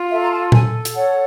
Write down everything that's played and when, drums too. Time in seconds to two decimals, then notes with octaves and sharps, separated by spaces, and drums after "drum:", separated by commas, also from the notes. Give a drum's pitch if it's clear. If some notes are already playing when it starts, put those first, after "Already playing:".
Already playing: F4
0.10 A4 E5
0.22 A#5
0.31 A5
0.52 A4 G#5, drum: tom A#2
0.85 drum: hi-hat
0.95 C#5 F#5